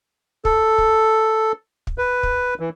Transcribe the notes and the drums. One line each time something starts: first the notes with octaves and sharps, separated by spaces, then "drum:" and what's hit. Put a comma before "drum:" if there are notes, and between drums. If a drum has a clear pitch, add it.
A4, drum: kick
drum: kick
drum: kick
B4
drum: kick
E3